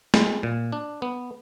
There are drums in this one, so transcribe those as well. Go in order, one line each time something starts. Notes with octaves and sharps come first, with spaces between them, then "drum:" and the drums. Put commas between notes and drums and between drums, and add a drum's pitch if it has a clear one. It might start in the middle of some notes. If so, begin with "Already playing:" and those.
G#3, drum: snare
A#2
D4
B3